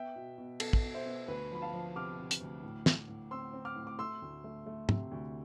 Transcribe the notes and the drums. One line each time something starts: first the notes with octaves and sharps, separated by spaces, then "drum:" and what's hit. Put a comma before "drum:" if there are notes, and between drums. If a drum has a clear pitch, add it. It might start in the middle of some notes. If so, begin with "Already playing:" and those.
Already playing: B3 E5 G5
B2
B2
B3 A4, drum: cymbal
drum: kick
B2
C5 E5
B3
D2 B4
F3 B5
F5 A5
F3
C3 D6 F6
C3
drum: hi-hat
D2
A2
A2, drum: snare
A2
C4 C6 E6
C4
D6 F6
A2
D6
A3 C6 E6
D2
A3
A3
C3, drum: tom
D2